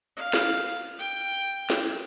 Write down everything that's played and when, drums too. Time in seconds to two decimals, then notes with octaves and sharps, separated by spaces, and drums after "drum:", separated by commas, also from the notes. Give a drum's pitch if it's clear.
0.16 F5
0.34 drum: snare
0.98 G5
1.70 drum: snare